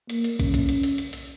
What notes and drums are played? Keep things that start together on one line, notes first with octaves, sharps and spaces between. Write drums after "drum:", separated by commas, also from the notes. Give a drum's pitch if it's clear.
A#3, drum: hi-hat
drum: hi-hat
C#4, drum: kick, hi-hat
drum: kick, hi-hat
drum: hi-hat
drum: hi-hat
drum: hi-hat
drum: hi-hat